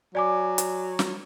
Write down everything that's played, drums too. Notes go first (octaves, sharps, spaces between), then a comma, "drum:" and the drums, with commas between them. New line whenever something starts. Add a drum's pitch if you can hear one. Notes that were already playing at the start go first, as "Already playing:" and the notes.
F#3 D5 G#5 D6
drum: hi-hat
drum: snare